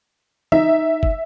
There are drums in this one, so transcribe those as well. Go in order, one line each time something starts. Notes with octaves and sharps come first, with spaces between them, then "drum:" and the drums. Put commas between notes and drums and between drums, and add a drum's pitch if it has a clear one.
D#4 E5, drum: tom E3
drum: kick